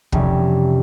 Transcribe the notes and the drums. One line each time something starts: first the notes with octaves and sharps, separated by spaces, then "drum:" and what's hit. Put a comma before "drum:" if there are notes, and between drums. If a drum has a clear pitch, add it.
F1 F2 C3 E3 G3 C#4, drum: kick